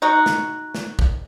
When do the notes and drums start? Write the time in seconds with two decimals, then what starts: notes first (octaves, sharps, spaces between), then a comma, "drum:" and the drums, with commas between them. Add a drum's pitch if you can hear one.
0.02 D#4 F#4
0.26 drum: snare
0.75 drum: snare
0.99 drum: kick